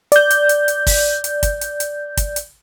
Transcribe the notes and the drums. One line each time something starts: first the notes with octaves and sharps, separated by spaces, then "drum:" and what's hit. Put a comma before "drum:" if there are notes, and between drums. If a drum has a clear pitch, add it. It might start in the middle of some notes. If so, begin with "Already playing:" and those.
D5 G6, drum: hi-hat
drum: hi-hat
drum: hi-hat
drum: hi-hat
drum: kick, open hi-hat
drum: hi-hat
drum: kick, hi-hat
drum: hi-hat
drum: hi-hat
drum: kick, hi-hat
drum: hi-hat